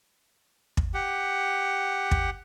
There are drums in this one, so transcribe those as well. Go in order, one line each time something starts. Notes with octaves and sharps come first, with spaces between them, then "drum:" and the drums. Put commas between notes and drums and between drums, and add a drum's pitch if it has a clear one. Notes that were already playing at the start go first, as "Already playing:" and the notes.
drum: kick
G4 F#5
drum: kick